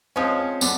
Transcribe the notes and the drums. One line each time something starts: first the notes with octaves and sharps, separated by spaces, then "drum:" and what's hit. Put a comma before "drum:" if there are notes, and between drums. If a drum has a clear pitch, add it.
F3 G#3 C4 C#4
D3 B3, drum: tambourine